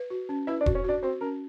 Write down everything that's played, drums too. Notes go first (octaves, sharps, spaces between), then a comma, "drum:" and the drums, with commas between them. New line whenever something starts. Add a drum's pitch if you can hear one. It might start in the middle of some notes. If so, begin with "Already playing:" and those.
Already playing: B4
F#4
C#4
E4 B4 E5
D4 D5
F#4, drum: kick E1
C#4 C#5
D4 F#4 D5
C4 F#4 C5
C#4 A#4